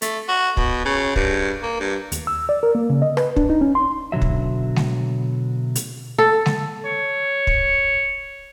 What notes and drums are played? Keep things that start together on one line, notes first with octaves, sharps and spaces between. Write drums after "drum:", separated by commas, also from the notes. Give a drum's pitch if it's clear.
A3, drum: hi-hat
F#4
B2, drum: kick
C#3
G2, drum: kick
A#3
G2
D#2, drum: hi-hat
E6
D5
A#4
A#3
C#3
D#5
B4, drum: rim click
D4, drum: kick
D#4
C#4
C6
B2 D3 F#3 E5
drum: kick
drum: snare G#3
drum: hi-hat
A4
drum: snare G#3
C#5
drum: kick